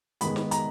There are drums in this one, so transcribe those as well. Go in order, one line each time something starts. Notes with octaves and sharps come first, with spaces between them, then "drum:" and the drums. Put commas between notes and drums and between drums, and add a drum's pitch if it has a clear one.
G#2 D#3 G#3 B3 B5, drum: hi-hat
drum: snare
A#5, drum: hi-hat